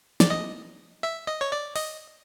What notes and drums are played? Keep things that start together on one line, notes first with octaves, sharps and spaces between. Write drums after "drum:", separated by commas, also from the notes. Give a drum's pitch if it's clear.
D5, drum: snare
D#5
E5
D#5
C#5
D5
D#5, drum: open hi-hat